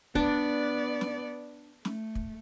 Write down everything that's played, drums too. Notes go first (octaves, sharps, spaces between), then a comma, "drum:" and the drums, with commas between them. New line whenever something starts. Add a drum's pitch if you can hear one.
B3 D4 D5, drum: kick
drum: snare
A3, drum: snare
drum: kick